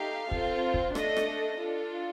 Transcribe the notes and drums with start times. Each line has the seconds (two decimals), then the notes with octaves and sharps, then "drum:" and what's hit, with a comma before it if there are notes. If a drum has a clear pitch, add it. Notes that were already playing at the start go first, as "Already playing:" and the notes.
Already playing: A3 D#4 G4 F5
0.31 C4 F4 A4, drum: kick
0.74 drum: kick
0.95 A3 D4 A4 D#5, drum: rim click
1.17 drum: rim click
1.59 D4 F4 A4